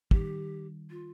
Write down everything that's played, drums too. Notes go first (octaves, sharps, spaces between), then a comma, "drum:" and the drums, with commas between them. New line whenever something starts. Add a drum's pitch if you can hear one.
D#3 G3 G4, drum: kick
F4